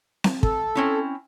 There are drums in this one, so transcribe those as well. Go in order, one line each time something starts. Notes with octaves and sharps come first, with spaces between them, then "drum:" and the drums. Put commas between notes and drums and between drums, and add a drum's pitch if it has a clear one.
drum: snare C4
A4, drum: kick
C4 C#4 E4